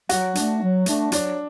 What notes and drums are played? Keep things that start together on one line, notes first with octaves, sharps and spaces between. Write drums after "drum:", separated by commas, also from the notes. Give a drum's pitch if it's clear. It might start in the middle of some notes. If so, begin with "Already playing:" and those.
F#3 F#4, drum: hi-hat
A3 D4, drum: hi-hat
F#3
A3 D4, drum: hi-hat
F#3 D4, drum: hi-hat